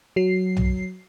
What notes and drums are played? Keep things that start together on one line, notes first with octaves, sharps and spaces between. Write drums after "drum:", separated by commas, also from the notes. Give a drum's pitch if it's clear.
F#3 C7
drum: tom B1